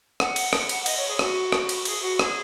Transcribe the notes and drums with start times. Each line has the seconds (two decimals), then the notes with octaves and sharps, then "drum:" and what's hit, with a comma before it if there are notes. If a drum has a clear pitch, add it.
0.20 F#5, drum: rim click
0.36 drum: cymbal
0.53 drum: rim click
0.69 drum: cymbal
0.86 D#5, drum: cymbal
0.97 C#5
1.08 G#4
1.19 F#4, drum: rim click
1.52 drum: rim click
1.69 drum: cymbal
1.85 G#4, drum: cymbal
2.02 F#4
2.19 G#4, drum: rim click